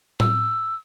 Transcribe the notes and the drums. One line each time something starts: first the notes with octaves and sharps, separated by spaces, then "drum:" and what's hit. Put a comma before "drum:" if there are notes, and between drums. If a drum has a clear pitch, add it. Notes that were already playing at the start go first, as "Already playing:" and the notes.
E6, drum: tom A2